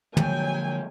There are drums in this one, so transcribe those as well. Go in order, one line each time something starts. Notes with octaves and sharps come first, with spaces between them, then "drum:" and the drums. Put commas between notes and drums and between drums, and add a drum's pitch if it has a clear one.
D3 F3 F#3 A#3 G5 G#5, drum: tom